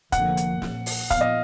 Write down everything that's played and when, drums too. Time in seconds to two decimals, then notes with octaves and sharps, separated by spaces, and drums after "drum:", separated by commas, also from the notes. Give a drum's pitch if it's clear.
0.12 F1 F2 D3 F3 A#3 F#5, drum: kick, hi-hat
0.37 drum: hi-hat
0.62 A#1 A#2 F3, drum: snare
0.86 drum: open hi-hat
1.10 A#2 F3 B3 F5, drum: kick, hi-hat
1.21 D#5